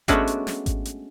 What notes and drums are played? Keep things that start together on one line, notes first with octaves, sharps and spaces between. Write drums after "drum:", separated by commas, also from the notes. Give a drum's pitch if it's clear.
G#3 A3 B3 C#4 D4 F#4, drum: kick G#1, hi-hat
drum: hi-hat
drum: snare
drum: kick G#1, hi-hat
drum: hi-hat